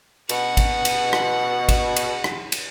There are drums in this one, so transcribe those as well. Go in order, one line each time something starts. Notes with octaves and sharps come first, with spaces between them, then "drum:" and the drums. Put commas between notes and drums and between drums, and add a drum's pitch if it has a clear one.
B2 F#5, drum: cymbal
drum: kick G#1, cymbal
drum: cymbal
drum: rim click
drum: kick G#1, cymbal
drum: cymbal
drum: rim click
drum: cymbal